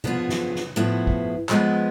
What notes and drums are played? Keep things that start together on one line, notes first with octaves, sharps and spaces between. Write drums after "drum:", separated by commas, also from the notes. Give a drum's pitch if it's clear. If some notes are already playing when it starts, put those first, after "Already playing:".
D3 F3 B3 F4 G#4, drum: tom C3
drum: snare
drum: snare
A2 F3 B3 E4 G#4
drum: kick
F3 G#3 B3, drum: clap